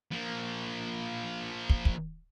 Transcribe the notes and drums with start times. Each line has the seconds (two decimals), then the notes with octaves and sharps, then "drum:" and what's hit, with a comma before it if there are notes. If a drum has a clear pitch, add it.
0.12 F3 A#3
1.70 drum: kick
1.85 drum: kick